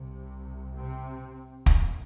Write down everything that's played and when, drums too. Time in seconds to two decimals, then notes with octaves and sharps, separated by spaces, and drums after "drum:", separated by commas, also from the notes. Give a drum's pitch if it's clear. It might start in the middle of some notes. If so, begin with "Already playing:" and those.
Already playing: C2 C3
0.77 C3 C4
1.66 C2 A#2, drum: kick